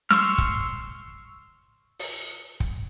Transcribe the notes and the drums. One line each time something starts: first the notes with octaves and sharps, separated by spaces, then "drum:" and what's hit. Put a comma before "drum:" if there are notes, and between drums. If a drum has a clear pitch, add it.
C6 C#6 E6 F6, drum: snare
drum: kick
drum: open hi-hat
drum: kick